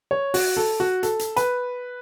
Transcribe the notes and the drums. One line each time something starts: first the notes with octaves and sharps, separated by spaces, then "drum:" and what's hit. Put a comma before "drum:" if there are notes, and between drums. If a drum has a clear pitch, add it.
C#5
F#4, drum: open hi-hat
A4
F#4
A4, drum: hi-hat
drum: hi-hat
B4, drum: hi-hat